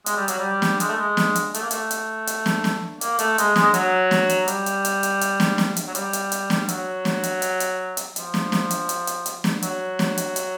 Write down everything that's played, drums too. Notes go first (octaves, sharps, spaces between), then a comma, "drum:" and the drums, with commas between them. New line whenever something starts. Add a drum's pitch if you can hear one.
G#3, drum: hi-hat
G3
F#3, drum: hi-hat
G3
drum: snare
G#3, drum: hi-hat
A3
G#3
drum: snare
drum: hi-hat
A3, drum: hi-hat
A#3
A3, drum: hi-hat
drum: hi-hat
drum: hi-hat
drum: snare
drum: snare
A#3, drum: hi-hat
A3, drum: hi-hat
G#3, drum: hi-hat
G#3, drum: snare
F#3, drum: hi-hat
drum: snare
drum: hi-hat
G3, drum: hi-hat
drum: hi-hat
drum: hi-hat
drum: hi-hat
drum: hi-hat
drum: snare
drum: snare
drum: hi-hat
F#3
G3, drum: hi-hat
drum: hi-hat
drum: hi-hat
drum: snare
F#3, drum: hi-hat
drum: snare
drum: hi-hat
drum: hi-hat
drum: hi-hat
drum: hi-hat
F3, drum: hi-hat
drum: snare
drum: snare
drum: hi-hat
drum: hi-hat
drum: hi-hat
drum: hi-hat
drum: snare
F#3, drum: hi-hat
drum: snare
drum: hi-hat
drum: hi-hat